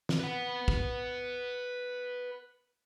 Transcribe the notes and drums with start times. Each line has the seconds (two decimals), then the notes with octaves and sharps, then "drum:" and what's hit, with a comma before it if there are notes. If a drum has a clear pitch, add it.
0.09 drum: snare
0.20 B4 F#5
0.68 drum: kick